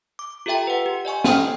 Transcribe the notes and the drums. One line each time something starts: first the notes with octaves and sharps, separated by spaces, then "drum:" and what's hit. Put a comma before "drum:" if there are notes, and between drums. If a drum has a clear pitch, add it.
D6
F4 G4 A4 E5 G5 A#5
B4 F#5
G4
D5 D#5 G#5 C#6
A4 D#5 G5 D#6 F6, drum: snare